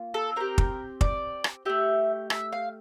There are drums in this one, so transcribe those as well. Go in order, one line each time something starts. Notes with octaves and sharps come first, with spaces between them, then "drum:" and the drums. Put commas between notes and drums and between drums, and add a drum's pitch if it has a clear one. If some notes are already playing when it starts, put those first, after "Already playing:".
Already playing: A#3 F4
A4
C4 G4 A#4
drum: kick
D5, drum: kick
drum: rim click
A3 E4 G4 E5
E5, drum: rim click
F5